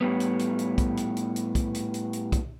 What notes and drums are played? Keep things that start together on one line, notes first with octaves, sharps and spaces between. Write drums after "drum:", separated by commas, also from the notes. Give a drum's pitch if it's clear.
A2 G3 B3
drum: hi-hat
drum: hi-hat
drum: hi-hat
drum: kick, hi-hat
drum: hi-hat
drum: hi-hat
drum: hi-hat
drum: kick, hi-hat
drum: hi-hat
drum: hi-hat
drum: hi-hat
drum: kick, hi-hat